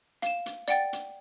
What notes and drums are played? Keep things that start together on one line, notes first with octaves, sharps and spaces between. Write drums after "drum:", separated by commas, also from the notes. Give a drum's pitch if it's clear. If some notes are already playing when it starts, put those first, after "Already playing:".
F5 E7, drum: hi-hat
drum: hi-hat
D5 F#5 G5 A6, drum: hi-hat
drum: hi-hat